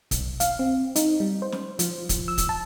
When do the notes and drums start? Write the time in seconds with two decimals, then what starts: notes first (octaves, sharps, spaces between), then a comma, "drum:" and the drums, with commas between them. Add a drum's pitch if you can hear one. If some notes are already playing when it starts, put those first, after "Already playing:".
0.11 B1, drum: kick, hi-hat
0.40 F5, drum: hi-hat
0.59 C4
0.96 D#4, drum: hi-hat
1.20 G3
1.42 C5
1.52 drum: snare
1.79 F3, drum: hi-hat
2.09 drum: kick, hi-hat
2.28 E6
2.38 drum: kick, hi-hat
2.49 A5